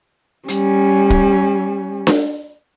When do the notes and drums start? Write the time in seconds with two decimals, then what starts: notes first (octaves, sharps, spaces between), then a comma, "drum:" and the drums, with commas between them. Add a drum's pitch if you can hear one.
0.48 G3 C#4, drum: hi-hat
1.10 drum: kick
2.07 drum: snare D4